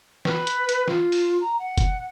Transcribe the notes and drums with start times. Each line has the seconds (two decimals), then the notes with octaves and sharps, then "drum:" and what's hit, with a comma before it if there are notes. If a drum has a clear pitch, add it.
0.25 B4, drum: snare
0.47 drum: hi-hat
0.69 drum: hi-hat
0.88 F4, drum: snare
1.12 drum: open hi-hat
1.41 A#5
1.59 F#5
1.78 drum: kick, hi-hat